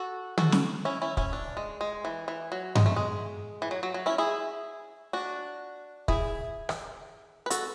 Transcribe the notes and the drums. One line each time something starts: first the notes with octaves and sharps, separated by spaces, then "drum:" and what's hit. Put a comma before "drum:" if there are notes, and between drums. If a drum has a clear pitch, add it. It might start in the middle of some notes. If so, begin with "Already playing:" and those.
Already playing: F#4 A4
F#4 A4, drum: tom
drum: snare
C#4 E4
C#4 E4
C#4 E4, drum: kick
D4
G#3
G#3
E3
E3
F#3
G#3, drum: tom G2
A3
G#3
E3
F#3
F#3
F#3
C#4 E4
E4 G#4
D4 F#4
E4 G#4, drum: kick
drum: rim click
B4
F#4 A4, drum: hi-hat